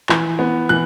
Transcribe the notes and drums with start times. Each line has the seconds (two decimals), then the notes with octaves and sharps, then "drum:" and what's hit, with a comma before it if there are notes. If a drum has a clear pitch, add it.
0.09 E3, drum: clap
0.39 B3
0.69 E3 F#6